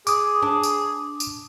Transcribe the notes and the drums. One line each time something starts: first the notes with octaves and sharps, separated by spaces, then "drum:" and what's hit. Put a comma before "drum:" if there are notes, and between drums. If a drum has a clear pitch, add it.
G#4 D6 D#6, drum: tambourine
D4
drum: tambourine
drum: tambourine